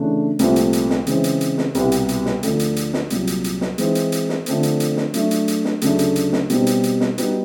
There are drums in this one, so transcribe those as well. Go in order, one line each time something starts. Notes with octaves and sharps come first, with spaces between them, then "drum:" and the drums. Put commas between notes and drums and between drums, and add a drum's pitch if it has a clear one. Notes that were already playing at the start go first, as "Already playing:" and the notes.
Already playing: C#3 E3 A3 D4
C2 A#2 F3 A3 C4, drum: hi-hat
drum: hi-hat
drum: hi-hat
drum: snare
C#3 E3 G#3 C4, drum: hi-hat
drum: hi-hat
drum: hi-hat
drum: snare
C2 B2 G3 B3 E4, drum: hi-hat
drum: hi-hat
drum: hi-hat
drum: snare
D2 D3 F3, drum: hi-hat
drum: hi-hat
drum: hi-hat
drum: snare
C2 A#2 F#3, drum: hi-hat
drum: hi-hat
drum: hi-hat
drum: snare
E3 G#3 C4 D#4, drum: hi-hat
drum: hi-hat
drum: hi-hat
drum: snare
D3 F3 A3 C4, drum: hi-hat
drum: hi-hat
drum: hi-hat
drum: snare
F#3 A3 D4, drum: hi-hat
drum: hi-hat
drum: hi-hat
drum: snare
D2 C#3 F#3 A3 D4, drum: hi-hat
drum: hi-hat
drum: hi-hat
drum: snare
B2 G3 C4 D#4, drum: hi-hat
drum: hi-hat
drum: hi-hat
drum: snare
G3 B3 D#4 F#4, drum: hi-hat